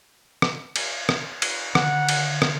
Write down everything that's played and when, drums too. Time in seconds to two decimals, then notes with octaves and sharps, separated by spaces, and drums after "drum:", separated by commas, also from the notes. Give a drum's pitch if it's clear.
0.42 drum: rim click
0.76 drum: cymbal
1.09 drum: rim click
1.42 drum: cymbal
1.75 D3 D#3 F#5, drum: rim click
2.09 drum: cymbal
2.42 drum: rim click